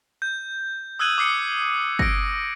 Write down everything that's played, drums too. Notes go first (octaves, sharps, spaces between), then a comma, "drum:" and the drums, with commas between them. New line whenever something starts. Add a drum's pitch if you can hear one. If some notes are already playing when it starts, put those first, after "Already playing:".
G6
D#6 E6 F#6 G#6 D#7 F#7
D6 D#6 C7 C#7
A#6 D7, drum: kick G1